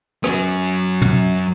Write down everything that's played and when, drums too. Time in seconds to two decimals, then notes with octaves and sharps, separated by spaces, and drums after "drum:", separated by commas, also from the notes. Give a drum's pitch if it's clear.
0.24 F#3 C#4, drum: rim click
1.02 drum: tom